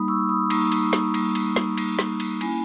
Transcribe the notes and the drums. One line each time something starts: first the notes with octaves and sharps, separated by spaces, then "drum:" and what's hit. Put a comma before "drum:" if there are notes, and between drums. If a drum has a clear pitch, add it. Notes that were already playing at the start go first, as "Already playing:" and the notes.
Already playing: G3 A#3 D#4 B5 D#6
C#6 E6
B5 D#6
G3 A#3 D#4 A#5 C#6, drum: cymbal
drum: cymbal
drum: snare
G3 A#3 D#4, drum: cymbal
drum: cymbal
drum: snare
G3 A#3 D#4, drum: cymbal
drum: snare
drum: cymbal
A#3 C#4 E4 G#5 B5, drum: cymbal